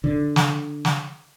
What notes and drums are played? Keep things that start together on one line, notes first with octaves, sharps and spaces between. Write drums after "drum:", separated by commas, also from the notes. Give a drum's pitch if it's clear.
D3
drum: snare
drum: snare